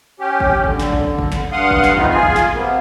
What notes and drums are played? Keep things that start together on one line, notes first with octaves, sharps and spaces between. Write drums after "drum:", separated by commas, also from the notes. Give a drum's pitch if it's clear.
C#4 G4
drum: kick G#1
D3, drum: kick G#1
drum: snare
drum: kick G#1
drum: kick G#1
drum: snare
G2 F5 F#5 C6 D#6
drum: kick G#1
drum: snare
A3 B3 C4 D#4 F4 B4, drum: kick G#1
F4 G#4 G#5
drum: kick G#1
drum: snare
C3 A#3 B3